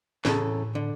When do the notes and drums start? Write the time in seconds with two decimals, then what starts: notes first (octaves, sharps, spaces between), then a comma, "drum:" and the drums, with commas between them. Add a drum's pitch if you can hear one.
0.25 E2 A2 C#3 A4, drum: snare
0.75 D3